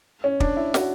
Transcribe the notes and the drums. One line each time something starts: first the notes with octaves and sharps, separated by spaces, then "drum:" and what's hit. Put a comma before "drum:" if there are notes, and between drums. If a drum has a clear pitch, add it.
C#4
D4, drum: kick
E4
F#4, drum: snare